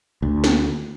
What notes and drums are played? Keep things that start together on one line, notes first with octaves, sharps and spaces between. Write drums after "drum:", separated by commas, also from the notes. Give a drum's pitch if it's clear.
D2
drum: snare